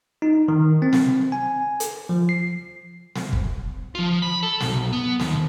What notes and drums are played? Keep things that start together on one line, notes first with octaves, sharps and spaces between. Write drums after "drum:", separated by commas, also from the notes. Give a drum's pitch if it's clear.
D#4
D#3
C4
drum: snare
G#5
drum: hi-hat
F3
C7
drum: snare
drum: kick
F3 F4
B5
A4
B1, drum: snare
B3
D#2, drum: snare